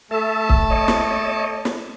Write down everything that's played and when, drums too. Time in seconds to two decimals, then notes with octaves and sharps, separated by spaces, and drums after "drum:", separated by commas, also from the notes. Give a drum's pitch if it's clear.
0.11 A3 A4 E5 A5
0.49 drum: kick C#1
0.70 C#5 D#5
0.88 drum: snare
1.65 drum: snare